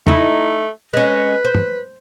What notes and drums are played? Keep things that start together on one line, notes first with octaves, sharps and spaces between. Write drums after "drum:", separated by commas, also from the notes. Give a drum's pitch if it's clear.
A3 D#4 E4, drum: tom
G#3 C#4 B4
C5
drum: tom